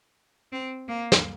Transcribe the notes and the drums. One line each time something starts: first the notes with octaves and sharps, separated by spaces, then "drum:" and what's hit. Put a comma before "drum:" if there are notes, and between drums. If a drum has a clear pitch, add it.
C4
A#3
drum: snare